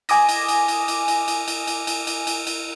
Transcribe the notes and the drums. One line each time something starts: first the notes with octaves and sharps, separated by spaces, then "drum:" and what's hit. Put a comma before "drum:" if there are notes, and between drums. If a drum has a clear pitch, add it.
G#5 D6 D#6 A#6, drum: cymbal
drum: cymbal
drum: cymbal
drum: cymbal
drum: cymbal
drum: cymbal
drum: cymbal
drum: cymbal
drum: cymbal
drum: cymbal
drum: cymbal
drum: cymbal
drum: cymbal